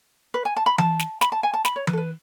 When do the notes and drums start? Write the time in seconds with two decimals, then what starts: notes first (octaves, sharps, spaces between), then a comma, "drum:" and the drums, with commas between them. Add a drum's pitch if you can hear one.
0.34 B4
0.45 G#5
0.56 A5
0.66 B5
0.78 A5, drum: tom E3
0.99 drum: snare
1.21 B5, drum: snare
1.32 A5
1.43 G#5
1.53 A5
1.65 B5, drum: snare
1.76 C#5
1.87 B4, drum: tom E3
1.93 A4
1.97 B4